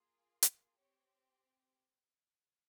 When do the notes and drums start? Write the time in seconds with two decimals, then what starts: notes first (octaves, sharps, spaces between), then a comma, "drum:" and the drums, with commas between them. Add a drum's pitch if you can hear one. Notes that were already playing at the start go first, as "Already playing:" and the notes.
Already playing: A#3 F4 G#4
0.43 drum: hi-hat
0.78 C4 G4 C#5